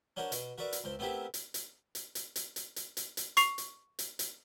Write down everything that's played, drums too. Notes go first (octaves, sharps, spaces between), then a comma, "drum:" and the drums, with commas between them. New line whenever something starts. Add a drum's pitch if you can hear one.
C#4 D4 F#4 A#4 C5
B2, drum: hi-hat
F#4 A#4 B4 D5 E5
drum: hi-hat
C#2 C4 C5
A3 B3 C4 E4 G4 A#4
drum: hi-hat
drum: hi-hat
drum: hi-hat
drum: hi-hat
drum: hi-hat
drum: hi-hat
drum: hi-hat
drum: hi-hat
drum: hi-hat
C#6 C7 F7, drum: hi-hat
drum: hi-hat
drum: hi-hat
drum: hi-hat